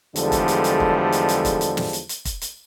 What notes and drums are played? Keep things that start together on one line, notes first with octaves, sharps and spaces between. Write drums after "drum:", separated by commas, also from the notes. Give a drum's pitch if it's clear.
E2 D3 F3 G3 G#3 A4, drum: hi-hat
drum: kick, hi-hat
drum: hi-hat
drum: hi-hat
drum: kick
drum: hi-hat
drum: hi-hat
drum: kick, hi-hat
drum: hi-hat
drum: snare
drum: hi-hat
drum: hi-hat
drum: kick, hi-hat
drum: hi-hat